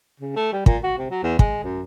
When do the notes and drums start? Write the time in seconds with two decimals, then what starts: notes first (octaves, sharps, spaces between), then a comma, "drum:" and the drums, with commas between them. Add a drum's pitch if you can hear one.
0.20 C#3
0.36 A3
0.53 G3
0.66 A#2, drum: kick
0.83 F#4
0.98 C3
1.11 F#3
1.23 E2
1.39 G#3, drum: kick
1.64 F#2